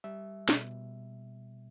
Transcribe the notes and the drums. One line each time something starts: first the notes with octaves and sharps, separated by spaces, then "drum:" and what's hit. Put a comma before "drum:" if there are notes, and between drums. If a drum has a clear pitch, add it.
G3 E5
B2, drum: snare